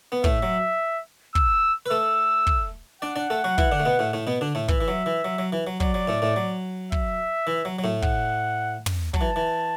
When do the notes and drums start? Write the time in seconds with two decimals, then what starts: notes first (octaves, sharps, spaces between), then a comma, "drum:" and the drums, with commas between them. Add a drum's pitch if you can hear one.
0.12 B3
0.24 A2 A3 E5, drum: kick
0.43 F#3
1.35 E6, drum: kick
1.86 B4
1.90 A3 A4 E6
2.47 drum: kick
3.02 D4 D5 F#5
3.16 D4 D5
3.30 A3 A4
3.44 F#3 F#4
3.58 E3 E4, drum: kick
3.72 D3 D4
3.80 A3
3.85 B2 B3
3.99 A2 A3
4.13 A2 A3
4.27 B2 B3
4.41 D3 D4
4.55 A2 A3
4.68 E3 E5, drum: kick
4.81 E3
4.88 F#3
5.06 E3
5.25 F#3
5.38 F#3
5.52 E3
5.67 F#3
5.80 F#3 D5, drum: kick
5.94 F#3
6.08 A2 A3
6.22 A2 A3
6.36 F#3
6.92 E5, drum: kick
7.47 E3
7.65 F#3
7.79 F#3
7.84 A2 A3
8.02 F#5, drum: kick
8.86 drum: tom
9.14 F#3 A5, drum: kick
9.21 E3
9.36 E3